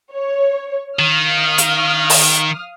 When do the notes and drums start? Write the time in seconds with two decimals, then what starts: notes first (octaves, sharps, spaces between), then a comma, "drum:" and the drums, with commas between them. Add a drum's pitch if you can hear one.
0.13 C#5
0.99 D#3 F5 D#6 F6
1.58 drum: hi-hat
2.10 drum: open hi-hat